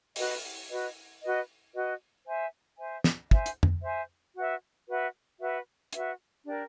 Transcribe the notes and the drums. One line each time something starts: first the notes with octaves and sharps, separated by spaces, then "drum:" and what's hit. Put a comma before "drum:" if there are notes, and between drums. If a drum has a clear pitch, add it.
F#4 B4 D#5, drum: open hi-hat
F#4 B4 D#5
F#4 B4 D#5
F#4 B4 D#5
C5 E5 G#5
C5 E5 G#5
drum: snare
C5 E5 G#5, drum: kick
drum: hi-hat
drum: tom F2
C5 E5 G#5
F#4 B4 E5
F#4 B4 E5
F#4 B4 E5
F#4 B4 E5, drum: hi-hat
D4 G4 A#4